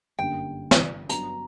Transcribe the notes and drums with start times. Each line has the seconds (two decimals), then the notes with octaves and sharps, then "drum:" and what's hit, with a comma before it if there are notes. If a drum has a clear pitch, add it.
0.19 G1 F#2 D3 G3 A#3 G5
0.71 drum: snare
1.09 G2 F#3 B3 D4 A#5, drum: hi-hat